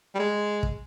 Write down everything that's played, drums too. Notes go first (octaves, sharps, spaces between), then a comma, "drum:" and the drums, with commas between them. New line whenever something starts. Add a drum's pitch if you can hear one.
G3
G#3
drum: kick